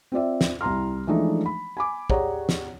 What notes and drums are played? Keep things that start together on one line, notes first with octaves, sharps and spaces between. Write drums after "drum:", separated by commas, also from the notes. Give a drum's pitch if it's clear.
C4 F4 D5 E5
drum: snare
C2 E4 A#5 C6 F6
E3 F3 G#3 A3 D4 D#4
B5
G#5 B5 D6
G4 G#4 C#5 D5 F#5 A#5, drum: kick
drum: snare